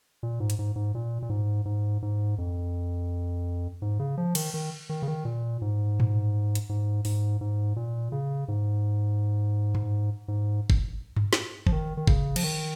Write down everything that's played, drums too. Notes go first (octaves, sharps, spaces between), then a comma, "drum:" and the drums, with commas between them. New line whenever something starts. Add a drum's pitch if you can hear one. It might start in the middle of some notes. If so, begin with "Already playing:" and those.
A#2
G#2
drum: hi-hat
G#2
G#2
A#2
A#2
G#2
G#2
G#2
F2
G#2
C#3
F3
D#3, drum: cymbal
D#3
D#3
C#3
D#3
A#2
G#2
drum: tom A2
drum: hi-hat
G#2
G#2, drum: open hi-hat
G#2
A#2
C#3
G#2
drum: tom G2
G#2
drum: kick G1
drum: tom G2
drum: snare
F3, drum: kick G1
D#3
D#3
C#3, drum: kick G1
F3, drum: cymbal
D#3